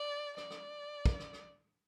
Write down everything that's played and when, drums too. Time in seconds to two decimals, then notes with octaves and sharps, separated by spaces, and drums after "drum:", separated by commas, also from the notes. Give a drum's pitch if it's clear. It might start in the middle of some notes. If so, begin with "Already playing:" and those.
Already playing: D5
0.37 D5, drum: rim click
0.50 drum: rim click
1.06 drum: kick
1.19 drum: rim click
1.33 drum: rim click